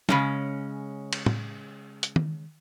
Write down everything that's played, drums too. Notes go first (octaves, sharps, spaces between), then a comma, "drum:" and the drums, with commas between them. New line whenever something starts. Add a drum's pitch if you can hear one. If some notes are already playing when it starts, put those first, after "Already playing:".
C#3 G#3 C#4, drum: snare
drum: cymbal
drum: tom
drum: hi-hat
drum: tom D#3